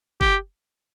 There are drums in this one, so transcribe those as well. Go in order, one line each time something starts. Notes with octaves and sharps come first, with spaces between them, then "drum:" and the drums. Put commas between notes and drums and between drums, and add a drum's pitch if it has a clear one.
G4, drum: kick F#1